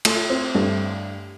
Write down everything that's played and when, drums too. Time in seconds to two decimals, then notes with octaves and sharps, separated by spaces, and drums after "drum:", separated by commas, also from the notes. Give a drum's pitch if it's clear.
0.05 A3 F4, drum: cymbal
0.30 C4
0.55 G2 A3